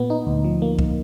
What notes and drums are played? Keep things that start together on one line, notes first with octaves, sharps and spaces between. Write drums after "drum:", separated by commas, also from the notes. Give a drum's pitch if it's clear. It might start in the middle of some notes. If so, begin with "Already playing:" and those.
Already playing: A#2 B3
D#4
D2
F3
A#3
drum: kick C2